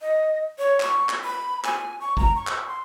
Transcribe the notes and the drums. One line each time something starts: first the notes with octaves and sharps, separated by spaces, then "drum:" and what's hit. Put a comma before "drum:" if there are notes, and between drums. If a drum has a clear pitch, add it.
D#5
C#5
C#6, drum: clap
drum: clap
B5
G#5, drum: clap
C#6
A#5, drum: kick
C#6
drum: clap
C6